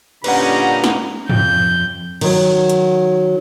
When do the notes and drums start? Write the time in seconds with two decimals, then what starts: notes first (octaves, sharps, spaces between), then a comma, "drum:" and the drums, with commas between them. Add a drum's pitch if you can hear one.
0.24 A#2 D3 G3 C#4 D#4 B4 F#5 A#5, drum: cymbal
0.84 drum: snare
1.30 F2 G6, drum: tom G2
2.21 D#3 F#3, drum: cymbal
2.70 drum: hi-hat